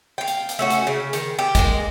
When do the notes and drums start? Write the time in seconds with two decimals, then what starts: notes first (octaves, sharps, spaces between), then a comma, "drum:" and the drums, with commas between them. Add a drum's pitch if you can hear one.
0.18 F5 G5
0.28 drum: hi-hat
0.49 drum: hi-hat
0.59 A3 C#4 F#4
0.70 drum: hi-hat
0.87 C#3
1.13 D#3, drum: hi-hat
1.39 G4
1.55 G#3 A#3, drum: kick G#1, hi-hat